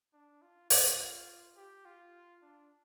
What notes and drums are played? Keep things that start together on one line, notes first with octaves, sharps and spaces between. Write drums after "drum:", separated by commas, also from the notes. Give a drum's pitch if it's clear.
D4
F4
F4, drum: open hi-hat
G4
F4
D4